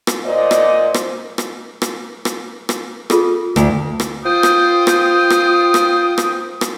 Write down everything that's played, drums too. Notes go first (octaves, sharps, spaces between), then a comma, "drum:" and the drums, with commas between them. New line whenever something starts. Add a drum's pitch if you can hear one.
drum: rim click
A#2 C5 D5 D#5
drum: rim click
drum: rim click
drum: rim click
drum: rim click
drum: rim click
drum: rim click
F4 G#4 A4, drum: rim click
D2, drum: rim click
drum: rim click
F4 C5 G5 D#6
drum: rim click
drum: rim click
drum: rim click
drum: rim click
drum: rim click
drum: rim click